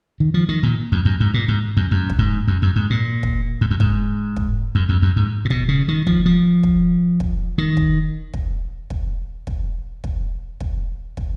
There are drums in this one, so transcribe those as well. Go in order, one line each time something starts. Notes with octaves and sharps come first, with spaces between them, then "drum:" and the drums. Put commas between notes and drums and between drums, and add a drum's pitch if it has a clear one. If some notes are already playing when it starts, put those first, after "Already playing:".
D#3
F3
D#3
A#2
F2
F#2
G#2
A#2
G#2
F#2
F#2
drum: kick
G#2
F#2
F#2
G#2
A#2
drum: kick
G#2
F#2
G#2, drum: kick
drum: kick
F#2
F2
F#2
G#2
A#2
B2, drum: kick
C#3
D#3
F3, drum: kick
F3
drum: kick
drum: kick
D#3
drum: kick
drum: kick
drum: kick
drum: kick
drum: kick
drum: kick
drum: kick